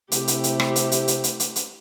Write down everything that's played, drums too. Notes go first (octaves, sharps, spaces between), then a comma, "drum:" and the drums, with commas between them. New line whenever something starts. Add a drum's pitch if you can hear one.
C3 A3 E4 G4, drum: hi-hat
drum: hi-hat
drum: hi-hat
drum: rim click
drum: hi-hat
drum: hi-hat
drum: hi-hat
drum: hi-hat
drum: hi-hat
drum: hi-hat